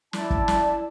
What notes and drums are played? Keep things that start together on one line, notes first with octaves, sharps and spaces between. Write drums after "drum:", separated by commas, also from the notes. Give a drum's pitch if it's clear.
E4 D5 A5, drum: snare
drum: kick
drum: snare